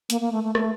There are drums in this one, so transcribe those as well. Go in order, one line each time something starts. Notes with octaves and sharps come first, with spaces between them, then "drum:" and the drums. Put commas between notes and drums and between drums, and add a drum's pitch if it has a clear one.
A#3, drum: hi-hat
A#3
A3
A3
A3, drum: rim click